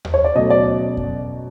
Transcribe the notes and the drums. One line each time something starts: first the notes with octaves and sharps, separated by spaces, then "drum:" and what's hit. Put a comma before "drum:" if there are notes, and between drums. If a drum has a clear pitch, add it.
drum: tom D#2
C#5
D5
B2 F#3 A3 C#4 D#5
D5
drum: kick F2